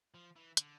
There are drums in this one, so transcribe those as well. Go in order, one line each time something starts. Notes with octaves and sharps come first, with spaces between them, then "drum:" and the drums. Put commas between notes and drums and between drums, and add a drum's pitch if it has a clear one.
F3
E3
D3, drum: hi-hat